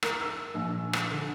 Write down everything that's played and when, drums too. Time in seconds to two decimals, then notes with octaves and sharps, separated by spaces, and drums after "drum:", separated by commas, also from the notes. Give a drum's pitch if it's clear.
0.03 A#4, drum: rim click
0.21 E6
0.54 A#1
0.93 drum: rim click
1.11 D3